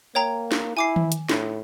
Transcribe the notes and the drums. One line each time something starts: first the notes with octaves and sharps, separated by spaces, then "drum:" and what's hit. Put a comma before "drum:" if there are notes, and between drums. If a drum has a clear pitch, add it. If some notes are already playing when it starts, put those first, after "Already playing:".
A#3 C#5 G5 A#5
drum: snare
E4 G#5 D6 C7
drum: tom D#3
drum: hi-hat
A2, drum: snare